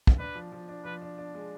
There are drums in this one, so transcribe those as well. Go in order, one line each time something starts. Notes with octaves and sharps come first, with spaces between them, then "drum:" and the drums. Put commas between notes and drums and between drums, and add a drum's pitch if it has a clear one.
drum: kick
D4 B4
F3
F3
D4
F3 B4
D4
D4
G#3